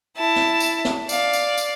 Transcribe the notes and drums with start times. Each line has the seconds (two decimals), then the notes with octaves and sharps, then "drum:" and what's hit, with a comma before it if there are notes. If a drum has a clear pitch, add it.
0.17 E4 A5
0.36 drum: snare
0.60 drum: tambourine
0.85 drum: snare
1.09 D5 F5, drum: tambourine
1.33 drum: tambourine
1.58 drum: tambourine